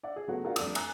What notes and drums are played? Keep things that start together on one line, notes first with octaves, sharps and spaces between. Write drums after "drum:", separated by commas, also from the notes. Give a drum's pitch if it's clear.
D5 E5 F#5
G#4
C#3 F#3 A3 B3 F#4
D4 F4 F#4 G#4 A#4
F1 G3 A3 D4 D5 D#6, drum: cymbal
G#5 A#5 D#6 F#6, drum: cymbal